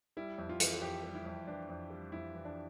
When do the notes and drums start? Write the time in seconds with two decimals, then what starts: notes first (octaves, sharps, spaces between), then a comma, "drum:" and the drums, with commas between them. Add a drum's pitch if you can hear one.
0.17 G3 E4
0.38 F2
0.49 F4
0.60 E3, drum: hi-hat
0.82 F2 G4
1.04 G3
1.15 E4
1.26 F2
1.47 E3 D4
1.69 F2
1.90 G3
2.12 F2 E4
2.35 E3
2.45 D4